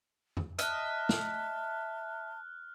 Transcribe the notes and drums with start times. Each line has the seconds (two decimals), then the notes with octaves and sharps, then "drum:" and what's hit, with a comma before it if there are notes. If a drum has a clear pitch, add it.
0.37 drum: tom E2
0.59 D#5 E5 A5 F6 F#6, drum: hi-hat
1.09 drum: snare